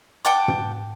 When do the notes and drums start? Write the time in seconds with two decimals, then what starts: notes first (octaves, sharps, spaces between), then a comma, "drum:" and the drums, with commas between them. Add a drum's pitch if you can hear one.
0.25 F#5 G5 A5 D6
0.48 drum: tom